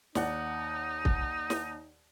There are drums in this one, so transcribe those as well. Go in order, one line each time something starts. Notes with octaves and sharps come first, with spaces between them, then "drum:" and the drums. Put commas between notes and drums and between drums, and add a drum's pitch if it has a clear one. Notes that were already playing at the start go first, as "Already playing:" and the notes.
D#2 D#4 D5 F#5, drum: snare
drum: kick
drum: snare